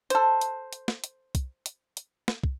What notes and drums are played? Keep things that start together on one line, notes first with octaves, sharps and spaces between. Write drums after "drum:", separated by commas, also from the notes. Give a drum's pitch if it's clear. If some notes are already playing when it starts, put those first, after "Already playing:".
A4 C5, drum: hi-hat
drum: hi-hat
drum: hi-hat
drum: snare
drum: hi-hat
drum: kick, hi-hat
drum: hi-hat
drum: hi-hat
drum: snare
drum: kick